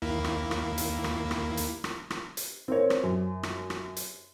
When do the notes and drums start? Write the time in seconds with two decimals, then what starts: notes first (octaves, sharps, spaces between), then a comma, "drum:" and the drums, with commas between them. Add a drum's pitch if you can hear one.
0.02 D#2 A#3 E4
0.24 drum: rim click
0.51 drum: rim click
0.78 drum: hi-hat
1.04 drum: rim click
1.31 drum: rim click
1.57 drum: hi-hat
1.84 drum: rim click
2.10 drum: rim click
2.37 drum: hi-hat
2.68 C4 A#4 C#5
2.90 drum: rim click
3.03 F#2
3.43 drum: rim click
3.70 drum: rim click
3.96 drum: hi-hat